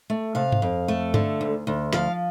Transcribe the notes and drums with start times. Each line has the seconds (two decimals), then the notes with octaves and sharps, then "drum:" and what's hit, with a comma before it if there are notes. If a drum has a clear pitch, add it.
0.10 A3
0.35 C3 F5
0.52 drum: tom G2
0.62 F2
0.88 A3
1.14 D3, drum: tom G2
1.41 D2
1.67 D2
1.93 F3 F5, drum: snare